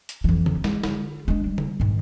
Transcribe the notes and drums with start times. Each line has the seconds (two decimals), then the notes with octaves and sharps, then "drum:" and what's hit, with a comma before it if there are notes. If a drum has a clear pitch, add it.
0.09 drum: hi-hat
0.24 F2 E3
0.46 drum: tom C#3
0.64 G#3, drum: snare
0.83 D3 F4, drum: snare
1.28 G#3 D4
1.46 G3
1.58 drum: tom C#3
1.80 G#2 D#3